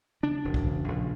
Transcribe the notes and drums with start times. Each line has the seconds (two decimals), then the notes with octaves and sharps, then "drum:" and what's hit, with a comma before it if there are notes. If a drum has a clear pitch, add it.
0.23 C#3 D4
0.45 E1
0.54 drum: kick
0.67 C#3
0.88 A#1